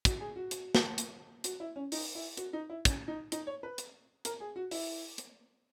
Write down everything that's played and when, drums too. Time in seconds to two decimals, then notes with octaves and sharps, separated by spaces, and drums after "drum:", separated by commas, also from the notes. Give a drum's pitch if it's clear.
0.05 F#4, drum: kick, hi-hat
0.20 G#4
0.36 F#4
0.51 drum: hi-hat
0.75 drum: snare
0.98 drum: hi-hat
1.44 F#4, drum: hi-hat
1.60 E4
1.76 C#4
1.92 D#4, drum: open hi-hat
2.15 E4
2.37 F#4, drum: hi-hat
2.53 D#4
2.70 E4
2.85 C#4, drum: kick, hi-hat
3.08 D#4
3.32 D#4, drum: hi-hat
3.47 C#5
3.63 B4
3.78 drum: hi-hat
4.25 A#4, drum: hi-hat
4.40 G#4
4.56 F#4
4.71 E4, drum: open hi-hat
5.18 drum: hi-hat